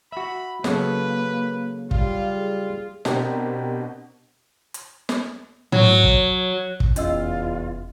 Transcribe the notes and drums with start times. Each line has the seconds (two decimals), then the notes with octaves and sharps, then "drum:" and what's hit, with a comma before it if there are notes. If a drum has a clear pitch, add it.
0.12 F#4 E5 B5
0.64 C#3 F#3 A#3 A4 B4, drum: snare
1.91 G3 F4 F5, drum: kick
2.33 G#4
3.05 B2 C4 D4 G4 A#4, drum: snare
4.74 drum: hi-hat
5.09 drum: snare
5.72 F#3, drum: tom
6.04 drum: kick
6.80 drum: kick
6.96 F1 E2 C#4 F4 D#5 E6, drum: hi-hat